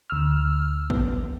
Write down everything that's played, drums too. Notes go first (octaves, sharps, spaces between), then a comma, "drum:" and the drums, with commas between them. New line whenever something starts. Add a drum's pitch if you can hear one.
D2 E6 F6
B3, drum: kick